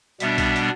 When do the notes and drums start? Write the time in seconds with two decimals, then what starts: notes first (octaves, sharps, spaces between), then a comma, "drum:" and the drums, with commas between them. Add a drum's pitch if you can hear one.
0.20 B2 G3 B3 D4 E5, drum: hi-hat
0.38 drum: kick B1, hi-hat
0.56 drum: hi-hat